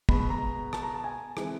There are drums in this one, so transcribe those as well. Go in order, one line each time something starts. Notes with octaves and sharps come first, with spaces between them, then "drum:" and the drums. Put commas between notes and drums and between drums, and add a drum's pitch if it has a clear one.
B2 G#3 B3 B5, drum: kick
B5
A#5
A5, drum: rim click
A#5
A5
G#5
E3 G#3 C4, drum: rim click